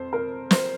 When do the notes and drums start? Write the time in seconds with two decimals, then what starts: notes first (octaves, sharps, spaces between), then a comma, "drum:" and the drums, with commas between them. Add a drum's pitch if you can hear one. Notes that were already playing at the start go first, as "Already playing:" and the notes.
Already playing: F2 C5
0.13 A#4
0.51 C5, drum: snare